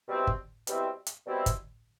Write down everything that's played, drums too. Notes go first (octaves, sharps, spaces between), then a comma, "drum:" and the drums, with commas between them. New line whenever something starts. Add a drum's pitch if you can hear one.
B2 G3 C4 E4
drum: kick G1
B2 G3 C4 E4, drum: hi-hat
drum: hi-hat
B2 G3 C4 E4
drum: kick G1, hi-hat